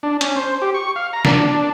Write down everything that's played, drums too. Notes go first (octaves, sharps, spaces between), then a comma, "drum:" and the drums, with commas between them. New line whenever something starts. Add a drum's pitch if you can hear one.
D4
C#4, drum: hi-hat
C5
G4
C#6
F5
A#5
D4, drum: snare